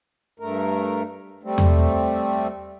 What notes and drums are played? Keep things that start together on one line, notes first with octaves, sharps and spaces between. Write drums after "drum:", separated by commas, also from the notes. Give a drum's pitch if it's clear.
G2 A3 A#4
G3 A3 C4
drum: tom E2